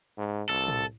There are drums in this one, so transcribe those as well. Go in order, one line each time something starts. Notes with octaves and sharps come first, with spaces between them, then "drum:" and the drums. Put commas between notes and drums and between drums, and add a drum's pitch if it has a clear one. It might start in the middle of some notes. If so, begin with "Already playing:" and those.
G#2
C2 A4
drum: tom